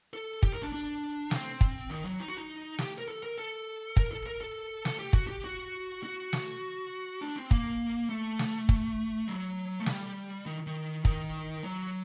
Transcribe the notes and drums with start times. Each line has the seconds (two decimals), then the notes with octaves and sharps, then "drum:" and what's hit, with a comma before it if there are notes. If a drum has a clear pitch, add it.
0.13 A4
0.43 G4, drum: kick
0.52 A#4
0.62 D4
0.72 D4
1.31 C4, drum: snare
1.61 drum: kick
1.90 D#3
2.05 F#3
2.20 D#4
2.28 F#4
2.37 D#4
2.79 G4, drum: snare
2.98 A#4
3.08 A4
3.23 A#4
3.38 A4
3.97 A#4, drum: kick
4.11 A4
4.26 A#4
4.41 A4
4.85 A4, drum: snare
4.99 G4
5.13 F#4, drum: kick
5.27 G4
5.44 F#4
6.04 F#4
6.33 drum: snare
7.21 D4
7.36 C4
7.51 A#3, drum: kick
8.10 A3
8.39 drum: snare
8.69 drum: kick
9.27 F#3
9.80 A3
9.86 G3, drum: snare
10.46 D#3
10.67 D#3
11.05 D#3, drum: kick
11.64 F#3